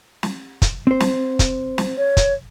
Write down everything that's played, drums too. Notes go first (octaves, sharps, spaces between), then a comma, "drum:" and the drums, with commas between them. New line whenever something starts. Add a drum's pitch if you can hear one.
drum: snare
drum: kick, hi-hat
C4 C5
drum: snare
drum: kick, hi-hat
drum: snare
C#5
drum: kick, hi-hat